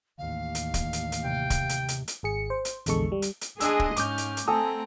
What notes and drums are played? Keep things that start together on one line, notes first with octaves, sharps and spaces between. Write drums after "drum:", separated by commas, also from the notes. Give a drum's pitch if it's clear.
A1 D#2 F5
drum: hi-hat
drum: kick, hi-hat
drum: hi-hat
drum: hi-hat
C3 G5
drum: kick, hi-hat
drum: hi-hat
drum: hi-hat
drum: hi-hat
G#1 G#4 C#7
C5
drum: hi-hat
A#1 E2 D3 G#3 A4 C#6, drum: hi-hat
G3
drum: hi-hat
drum: hi-hat
G#3 D4 G#4 D#5 G#5 E6, drum: hi-hat
drum: kick
G#2 C#4 D6 F6 G6, drum: hi-hat
drum: hi-hat
drum: hi-hat
A3 C4 A4 G#5 A#5 D#6